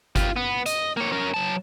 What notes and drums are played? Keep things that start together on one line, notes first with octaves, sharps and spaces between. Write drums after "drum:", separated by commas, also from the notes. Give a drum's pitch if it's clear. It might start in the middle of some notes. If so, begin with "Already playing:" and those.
F4 G4, drum: kick G1, hi-hat
B3
D#5, drum: hi-hat
A#3 C#5
C#4 A#4
F#3 A5